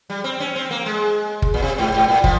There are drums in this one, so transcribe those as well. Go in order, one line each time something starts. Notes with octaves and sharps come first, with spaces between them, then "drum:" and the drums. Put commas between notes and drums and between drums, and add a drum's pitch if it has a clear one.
G3
C4
C#4
C4
A#3
G#3
drum: kick
A#2
C3
G#2
G#2
A#2
F3, drum: kick